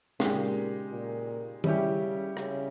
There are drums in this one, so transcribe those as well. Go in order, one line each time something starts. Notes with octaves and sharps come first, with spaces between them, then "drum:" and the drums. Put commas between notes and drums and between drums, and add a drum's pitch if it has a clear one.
A#2 C#3 G#3 D#4 G4, drum: snare
A#2
C#3 G3 C#4 E4 G4, drum: tom
C#3, drum: rim click